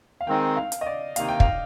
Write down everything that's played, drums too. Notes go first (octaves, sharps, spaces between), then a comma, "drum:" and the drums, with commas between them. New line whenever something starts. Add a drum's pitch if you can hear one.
F5
D#3 G#3 C4 D#4 G5
F5
drum: hi-hat
D#5
D5
C3 D#3 A#3 D#4 F5, drum: hi-hat
G5
F5, drum: kick